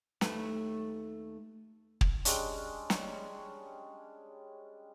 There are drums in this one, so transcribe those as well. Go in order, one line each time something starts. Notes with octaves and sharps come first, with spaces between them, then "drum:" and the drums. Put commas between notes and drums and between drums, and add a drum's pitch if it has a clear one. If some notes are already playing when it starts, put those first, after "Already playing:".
D#2 A3 B4, drum: snare
drum: kick
G3 G#3 C#4 D4, drum: hi-hat
drum: snare